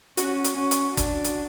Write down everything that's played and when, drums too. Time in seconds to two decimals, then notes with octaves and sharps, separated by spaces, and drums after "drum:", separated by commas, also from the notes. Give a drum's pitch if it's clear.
0.17 C#4 F#4, drum: hi-hat
0.44 drum: hi-hat
0.57 C#4
0.71 drum: hi-hat
0.97 D4, drum: kick, hi-hat
1.24 drum: hi-hat